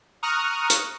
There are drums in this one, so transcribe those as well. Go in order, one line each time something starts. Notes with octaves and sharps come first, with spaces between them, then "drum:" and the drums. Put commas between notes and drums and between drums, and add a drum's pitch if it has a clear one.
A#5 C#6 D#6 F6 F#6
drum: hi-hat